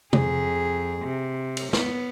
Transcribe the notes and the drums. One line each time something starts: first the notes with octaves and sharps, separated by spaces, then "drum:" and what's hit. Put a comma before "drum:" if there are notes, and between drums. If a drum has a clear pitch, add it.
F2 G#4, drum: tom
C3
drum: cymbal
B3, drum: snare